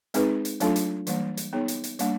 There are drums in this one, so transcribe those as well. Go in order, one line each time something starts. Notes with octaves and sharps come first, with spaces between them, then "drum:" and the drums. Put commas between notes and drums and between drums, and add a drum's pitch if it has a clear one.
G#3 C4 D#4 G#4 B4, drum: hi-hat
drum: hi-hat
F#3 A3 D4 F4 A4, drum: hi-hat
drum: hi-hat
E3 G3 A#3, drum: hi-hat
drum: hi-hat
B3 D#4 G#4 C#5
drum: hi-hat
drum: hi-hat
G3 A#3 D4, drum: hi-hat